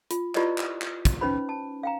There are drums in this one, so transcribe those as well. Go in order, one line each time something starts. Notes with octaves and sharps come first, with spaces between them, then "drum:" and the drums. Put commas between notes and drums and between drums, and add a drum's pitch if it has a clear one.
F4, drum: hi-hat
E4 F4 G4 B4 D5 D#5, drum: clap
drum: clap
drum: clap
drum: kick, hi-hat
C#4 D#4 B4 C5 B5
A5
F5 G5 A#5